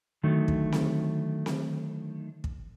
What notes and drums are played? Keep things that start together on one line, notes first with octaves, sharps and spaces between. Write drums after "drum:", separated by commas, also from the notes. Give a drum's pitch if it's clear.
D3 D#3 F#3 A3
drum: kick
drum: snare C4
drum: snare C4
drum: kick